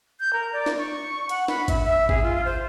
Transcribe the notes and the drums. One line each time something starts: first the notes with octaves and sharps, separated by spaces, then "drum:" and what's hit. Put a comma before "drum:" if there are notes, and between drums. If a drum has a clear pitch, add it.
G6
A#4
D5
drum: snare
C#6
F#5, drum: hi-hat
B5, drum: snare
E5, drum: kick G#1, hi-hat
E5
G#4, drum: kick G#1
F4
C5